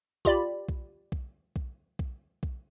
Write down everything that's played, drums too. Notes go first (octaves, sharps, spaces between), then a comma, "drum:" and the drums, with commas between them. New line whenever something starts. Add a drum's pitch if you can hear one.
F4 G4 D5 B5, drum: kick B1
drum: kick B1
drum: kick B1
drum: kick B1
drum: kick B1
drum: kick B1